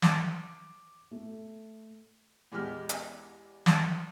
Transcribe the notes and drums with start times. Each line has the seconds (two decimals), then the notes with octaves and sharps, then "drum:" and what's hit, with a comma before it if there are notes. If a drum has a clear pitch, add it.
0.02 D6, drum: snare
1.11 A3
2.52 E2 G#3 B3 G4 F6
2.89 drum: hi-hat
3.66 drum: snare